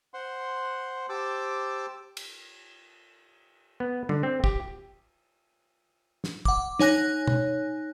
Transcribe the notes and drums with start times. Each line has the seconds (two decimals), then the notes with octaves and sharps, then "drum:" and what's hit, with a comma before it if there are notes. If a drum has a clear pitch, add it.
0.14 C5 F#5 C6
1.09 G4 C5 A5 D6 E6
2.17 drum: cymbal
3.80 B3
4.09 D3, drum: tom
4.23 C4
4.44 G4, drum: kick
6.24 drum: snare
6.45 F#5 D6, drum: kick
6.79 D#4 C#5 G#5 F#6 A#6, drum: snare
7.27 drum: tom B2